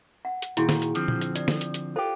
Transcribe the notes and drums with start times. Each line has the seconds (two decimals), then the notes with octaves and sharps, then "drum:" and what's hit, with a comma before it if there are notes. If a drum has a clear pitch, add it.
0.25 F#5
0.42 drum: hi-hat
0.57 A#2 D#3 E4 F#4 G#4, drum: hi-hat
0.69 drum: snare
0.82 drum: hi-hat
0.95 D3 F3 C4, drum: hi-hat
1.08 drum: tom A#2
1.21 drum: hi-hat
1.36 D5, drum: hi-hat
1.48 drum: snare
1.61 drum: hi-hat
1.74 drum: hi-hat
1.96 F4 G4 A4 C5